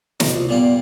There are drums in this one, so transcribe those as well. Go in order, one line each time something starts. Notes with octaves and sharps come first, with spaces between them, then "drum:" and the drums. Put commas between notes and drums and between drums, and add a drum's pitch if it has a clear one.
B2, drum: snare
C2 F4
A#2 G3 B3 F4